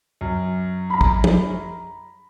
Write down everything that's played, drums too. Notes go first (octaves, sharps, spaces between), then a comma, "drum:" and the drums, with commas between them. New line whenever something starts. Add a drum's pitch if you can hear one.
F#2
A#5 B5
drum: kick
drum: tom